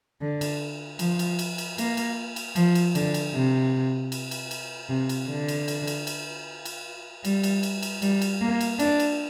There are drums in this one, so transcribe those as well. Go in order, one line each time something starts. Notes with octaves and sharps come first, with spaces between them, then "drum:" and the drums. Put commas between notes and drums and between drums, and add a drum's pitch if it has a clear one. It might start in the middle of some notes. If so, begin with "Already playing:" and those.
D3
drum: cymbal
F3, drum: cymbal
drum: cymbal
drum: cymbal
drum: cymbal
A#3, drum: cymbal
drum: cymbal
drum: cymbal
F3, drum: cymbal
drum: cymbal
D3, drum: cymbal
drum: cymbal
C3
drum: cymbal
drum: cymbal
drum: cymbal
C3
drum: cymbal
D3
drum: cymbal
drum: cymbal
drum: cymbal
drum: cymbal
drum: cymbal
G3, drum: cymbal
drum: cymbal
drum: cymbal
drum: cymbal
G3, drum: cymbal
drum: cymbal
A#3
drum: cymbal
D4, drum: cymbal
drum: cymbal